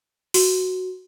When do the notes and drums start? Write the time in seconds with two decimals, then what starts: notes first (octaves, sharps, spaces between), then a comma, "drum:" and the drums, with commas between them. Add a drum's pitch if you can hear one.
0.34 F#4, drum: open hi-hat